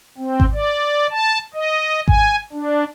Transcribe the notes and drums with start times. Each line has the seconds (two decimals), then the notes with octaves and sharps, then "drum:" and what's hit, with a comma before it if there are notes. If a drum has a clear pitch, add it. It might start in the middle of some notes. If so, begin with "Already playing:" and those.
0.18 C4
0.40 drum: kick G#1
0.53 D5
1.11 A5
1.54 D#5
2.08 G#5, drum: kick G#1
2.53 D4